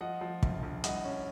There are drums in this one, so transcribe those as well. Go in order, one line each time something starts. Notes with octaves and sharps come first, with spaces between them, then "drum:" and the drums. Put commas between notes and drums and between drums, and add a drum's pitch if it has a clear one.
F3 D#5 F#5
F3
A#1, drum: kick
A#1
C2 D#5 F#5, drum: hi-hat
C#4